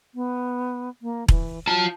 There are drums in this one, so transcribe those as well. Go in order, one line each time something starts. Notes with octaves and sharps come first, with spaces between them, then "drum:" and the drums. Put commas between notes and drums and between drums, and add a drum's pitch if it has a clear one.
B3
A#3
E3, drum: kick E1
F#3 F4 A5